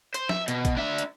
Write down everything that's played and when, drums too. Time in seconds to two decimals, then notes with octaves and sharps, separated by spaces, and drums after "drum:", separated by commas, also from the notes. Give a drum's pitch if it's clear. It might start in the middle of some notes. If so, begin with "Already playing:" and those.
0.14 C5, drum: hi-hat
0.29 E5, drum: snare
0.48 B2, drum: hi-hat
0.65 drum: kick, hi-hat
0.77 D4 E5
0.98 drum: hi-hat